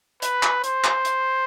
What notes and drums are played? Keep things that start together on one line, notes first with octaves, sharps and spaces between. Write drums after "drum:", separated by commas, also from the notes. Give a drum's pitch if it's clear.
B4, drum: hi-hat
drum: clap
C5, drum: hi-hat
drum: clap
drum: hi-hat